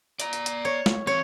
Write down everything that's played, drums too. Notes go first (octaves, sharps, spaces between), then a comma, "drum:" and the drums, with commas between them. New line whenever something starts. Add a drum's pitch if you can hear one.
D5 A#5, drum: hi-hat
drum: hi-hat
drum: hi-hat
C#5
drum: snare
E3 C4 C#5